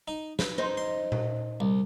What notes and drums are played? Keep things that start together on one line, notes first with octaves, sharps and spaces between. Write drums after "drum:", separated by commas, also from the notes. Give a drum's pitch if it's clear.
D#4
B4, drum: snare
D#4 C5
C6
drum: tom A#2
C2